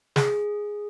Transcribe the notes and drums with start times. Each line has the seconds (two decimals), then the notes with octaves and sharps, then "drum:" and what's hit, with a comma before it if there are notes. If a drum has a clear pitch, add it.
0.16 G#4, drum: snare